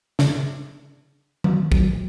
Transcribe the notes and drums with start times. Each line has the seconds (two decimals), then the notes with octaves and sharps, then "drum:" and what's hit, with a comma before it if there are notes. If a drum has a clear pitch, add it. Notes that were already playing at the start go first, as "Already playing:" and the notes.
0.19 C#3, drum: snare
1.44 F#3, drum: tom D#3
1.72 F#3, drum: kick